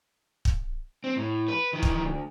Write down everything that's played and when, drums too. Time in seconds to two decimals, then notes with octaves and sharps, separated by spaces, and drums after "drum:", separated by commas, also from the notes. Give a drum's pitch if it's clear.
0.45 drum: kick
1.04 C4
1.17 A2
1.48 B4
1.73 D#3 E3
1.83 drum: kick
2.02 D2